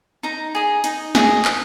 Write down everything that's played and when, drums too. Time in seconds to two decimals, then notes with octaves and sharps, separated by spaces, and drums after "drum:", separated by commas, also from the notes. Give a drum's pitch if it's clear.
0.23 D#4 A#5
0.55 G#4 D#5
0.84 D#4, drum: hi-hat
1.15 G#4 D#5, drum: snare
1.45 D#4, drum: clap